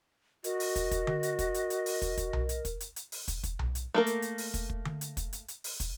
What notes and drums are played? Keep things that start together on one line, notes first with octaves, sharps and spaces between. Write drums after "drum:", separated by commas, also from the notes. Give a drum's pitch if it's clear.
F#4 A#4 D#5, drum: hi-hat
drum: open hi-hat
drum: kick, hi-hat
drum: kick, hi-hat
drum: tom D3
drum: hi-hat
drum: kick, hi-hat
drum: hi-hat
drum: hi-hat
drum: open hi-hat
drum: kick, hi-hat
drum: kick, hi-hat
drum: tom B1
drum: hi-hat
drum: kick, hi-hat
drum: hi-hat
drum: hi-hat
drum: open hi-hat
drum: kick, hi-hat
drum: kick, hi-hat
drum: tom B1
drum: hi-hat
A3 A#3 A#4
drum: hi-hat
drum: hi-hat
drum: open hi-hat
drum: kick, hi-hat
drum: kick
drum: tom D3
drum: hi-hat
drum: kick, hi-hat
drum: hi-hat
drum: hi-hat
drum: open hi-hat
drum: kick, hi-hat